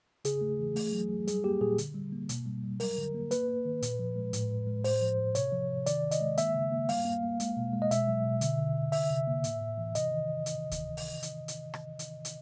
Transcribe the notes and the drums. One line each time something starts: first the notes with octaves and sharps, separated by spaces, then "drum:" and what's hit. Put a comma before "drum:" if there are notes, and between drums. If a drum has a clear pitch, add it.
C#3 G#4, drum: hi-hat
A3
E3
A3, drum: open hi-hat
F#3
F#3
G3 G#4, drum: hi-hat
A#3 G4
A#2 G#4
D3, drum: hi-hat
G3
A#3
B2, drum: hi-hat
G3
G3
F#3 A#4, drum: open hi-hat
D3
A#3
A#3 B4, drum: hi-hat
A#3
D#3
A#2, drum: hi-hat
F3
G#3
A2, drum: hi-hat
A2
G#3
A2 C5, drum: open hi-hat
F3
A2
C3 C#5, drum: hi-hat
F3
C3
D#3 D5, drum: hi-hat
D#3
D#5, drum: hi-hat
G#3
A#3 E5, drum: hi-hat
C#3
A#3
G3 F5, drum: open hi-hat
A#3
A#3
G#3, drum: hi-hat
B2
G#3
D#5
B2 E5, drum: hi-hat
F#3
B2
D3, drum: hi-hat
D3
D3
C3 E5, drum: open hi-hat
C3
A#3
A2, drum: hi-hat
A2
E3
C3 D#5, drum: hi-hat
D#3
drum: hi-hat
drum: kick D2, hi-hat
drum: open hi-hat
drum: hi-hat
drum: hi-hat
drum: rim click
drum: hi-hat
drum: hi-hat